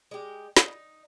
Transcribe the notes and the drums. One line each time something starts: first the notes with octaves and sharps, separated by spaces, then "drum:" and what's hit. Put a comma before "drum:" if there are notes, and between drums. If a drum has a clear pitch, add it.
G#3 G4
D#4, drum: snare